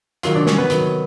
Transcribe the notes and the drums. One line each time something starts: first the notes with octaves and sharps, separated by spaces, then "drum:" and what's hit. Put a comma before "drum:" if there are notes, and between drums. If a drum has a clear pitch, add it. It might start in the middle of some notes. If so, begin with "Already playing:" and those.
C3 D#3 F#3 F4 F5, drum: hi-hat
D4 D5
C#4 C#5, drum: snare
B3 B4
C3 D#3 F#3, drum: hi-hat